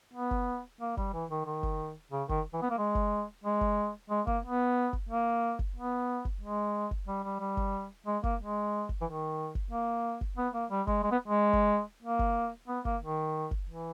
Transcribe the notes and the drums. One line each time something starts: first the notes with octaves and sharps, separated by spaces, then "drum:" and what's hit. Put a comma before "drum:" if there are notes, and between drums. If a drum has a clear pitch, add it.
B3
drum: kick
A#3
G3, drum: kick
E3
D#3
D#3
drum: kick
C#3
D#3, drum: kick
E3
B3
A#3
G#3
drum: kick
G#3
drum: kick
G#3
A#3, drum: kick
B3
drum: kick
A#3
drum: kick
B3
drum: kick
G#3
drum: kick
G3
G3
G3
drum: kick
G#3
A#3, drum: kick
G#3
drum: kick
E3
D#3
drum: kick
A#3
drum: kick
B3
A#3
G3
G#3, drum: kick
G#3
B3
G#3
drum: kick
A#3
drum: kick
B3
A#3, drum: kick
D#3
drum: kick
E3